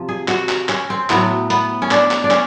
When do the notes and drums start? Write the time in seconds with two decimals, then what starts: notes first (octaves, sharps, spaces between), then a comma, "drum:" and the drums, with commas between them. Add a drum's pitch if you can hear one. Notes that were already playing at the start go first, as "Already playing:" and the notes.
Already playing: C3 F3
0.09 G#4
0.28 F#4, drum: clap
0.49 drum: clap
0.69 C#4, drum: clap
0.90 C4
1.10 A2 F#3 B3, drum: clap
1.50 B3, drum: hi-hat
1.82 C#4
1.91 D4, drum: clap
2.11 drum: clap
2.24 D4
2.31 C#4, drum: clap